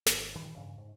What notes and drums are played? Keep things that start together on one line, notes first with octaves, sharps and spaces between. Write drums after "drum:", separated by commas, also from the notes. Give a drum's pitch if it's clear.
G#1, drum: snare
G2 A#2 D#3 E3
G2 C#3
G#2